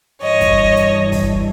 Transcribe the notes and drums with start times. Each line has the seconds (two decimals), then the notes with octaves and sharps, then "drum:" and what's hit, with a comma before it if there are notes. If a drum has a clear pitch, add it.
0.22 G2 E3 C#5 D#5
0.41 drum: kick, hi-hat
0.76 drum: hi-hat
1.12 drum: kick, open hi-hat